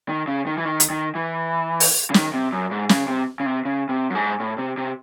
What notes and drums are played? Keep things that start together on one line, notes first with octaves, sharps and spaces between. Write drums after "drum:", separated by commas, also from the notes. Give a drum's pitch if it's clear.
D#3
C#3
D#3
E3
D#3
drum: hi-hat
D#3
E3
drum: open hi-hat
C#3
D#3, drum: snare
C3
F#2
G#2
C#3, drum: snare
C3
C#3
C3
C#3
C3
F#2
G#2
A2
C3
C3